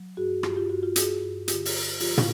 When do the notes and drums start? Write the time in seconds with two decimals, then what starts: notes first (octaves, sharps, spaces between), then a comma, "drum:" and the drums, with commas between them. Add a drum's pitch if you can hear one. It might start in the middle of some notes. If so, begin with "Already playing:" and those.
Already playing: F#3
0.17 G2 F#4 G#4
0.43 G2 F4 G4, drum: rim click
0.56 F4 G4
0.70 G2 F#4
0.83 F4 G4
0.96 G2 F#4 G#4, drum: hi-hat
1.22 G2
1.48 D3 F4 G4, drum: hi-hat
1.65 drum: open hi-hat
1.75 D3
2.00 F3 F4 G4, drum: open hi-hat
2.18 drum: tom